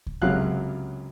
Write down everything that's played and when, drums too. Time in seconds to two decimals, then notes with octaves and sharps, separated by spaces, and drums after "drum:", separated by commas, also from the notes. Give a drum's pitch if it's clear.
0.06 drum: kick
0.22 C#2 F#2 C3 F#3 F5 F#6, drum: kick